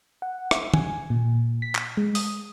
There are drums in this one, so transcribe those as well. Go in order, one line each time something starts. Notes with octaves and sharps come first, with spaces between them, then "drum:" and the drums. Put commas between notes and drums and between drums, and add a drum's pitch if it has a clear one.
F#5
E5, drum: rim click
G#5, drum: tom D#3
A#2
B6
drum: clap
G#3
D#6, drum: open hi-hat